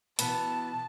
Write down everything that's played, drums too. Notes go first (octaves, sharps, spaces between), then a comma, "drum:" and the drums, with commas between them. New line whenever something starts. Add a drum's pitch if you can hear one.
B2 E3 B3 A5, drum: hi-hat